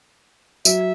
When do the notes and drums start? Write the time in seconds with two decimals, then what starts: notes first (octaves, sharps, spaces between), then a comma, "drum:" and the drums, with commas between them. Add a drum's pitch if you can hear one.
0.65 F#3 E5, drum: tambourine